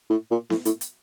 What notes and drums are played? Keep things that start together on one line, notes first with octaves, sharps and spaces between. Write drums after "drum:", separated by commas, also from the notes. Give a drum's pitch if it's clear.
A2
A#2
A2, drum: snare B3
A2, drum: hi-hat
drum: hi-hat